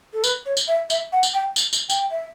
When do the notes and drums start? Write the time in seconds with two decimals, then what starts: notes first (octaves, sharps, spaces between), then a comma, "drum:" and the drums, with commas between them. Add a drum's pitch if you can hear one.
0.13 A4
0.24 B4, drum: tambourine
0.46 C#5
0.57 drum: tambourine
0.68 E5
0.90 E5, drum: tambourine
1.13 F#5
1.23 drum: tambourine
1.34 G5
1.56 drum: tambourine
1.73 drum: tambourine
1.89 G5, drum: tambourine
2.11 E5